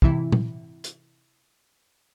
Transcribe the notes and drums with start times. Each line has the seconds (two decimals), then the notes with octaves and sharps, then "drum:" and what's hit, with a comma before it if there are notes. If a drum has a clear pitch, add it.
0.02 G#2 C3 E3 E4, drum: kick
0.32 drum: tom A#2
0.84 drum: hi-hat